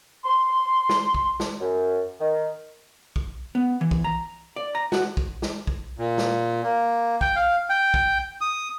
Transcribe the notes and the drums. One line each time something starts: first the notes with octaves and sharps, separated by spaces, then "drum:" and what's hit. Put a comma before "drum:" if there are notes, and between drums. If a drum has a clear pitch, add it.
C6
drum: snare
drum: kick
drum: snare
F#2
D#3
drum: kick
B3
E3
drum: kick
A#5
D5
A#5
F#4, drum: snare
drum: kick
drum: snare
drum: kick
A#2
drum: snare
A#3
G5, drum: kick
F5
G5
drum: kick
D#6